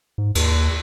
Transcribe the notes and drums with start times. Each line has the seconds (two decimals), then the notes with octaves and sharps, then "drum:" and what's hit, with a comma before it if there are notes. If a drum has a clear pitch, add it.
0.18 G#2
0.35 D#2, drum: cymbal